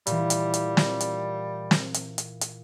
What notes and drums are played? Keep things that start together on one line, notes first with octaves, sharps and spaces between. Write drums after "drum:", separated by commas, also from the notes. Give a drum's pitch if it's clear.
A#2 E3 G3, drum: hi-hat
drum: hi-hat
drum: hi-hat
drum: snare
drum: hi-hat
drum: snare
drum: hi-hat
drum: hi-hat
drum: hi-hat